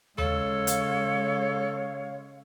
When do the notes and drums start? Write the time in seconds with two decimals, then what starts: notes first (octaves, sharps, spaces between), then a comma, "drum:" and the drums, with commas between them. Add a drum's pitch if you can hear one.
0.18 C#3 G#3 A4 C#5 F5, drum: tom D#2
0.67 drum: hi-hat